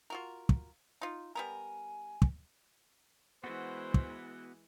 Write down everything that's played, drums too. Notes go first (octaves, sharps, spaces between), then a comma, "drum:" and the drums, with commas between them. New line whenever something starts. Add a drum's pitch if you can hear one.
F4 F#4 A#4
drum: kick
D#4 F4
G3 B3 A#4 G#5
drum: kick
E3 G#3 B3 F#4 C5
drum: kick